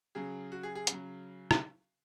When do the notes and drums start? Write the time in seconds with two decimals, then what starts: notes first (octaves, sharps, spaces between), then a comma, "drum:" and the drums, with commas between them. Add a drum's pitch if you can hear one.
0.15 C#3 F#3 G#4
0.52 F#4
0.63 G#4
0.75 G#4
0.87 C#3, drum: hi-hat
0.92 F#3
1.51 drum: rim click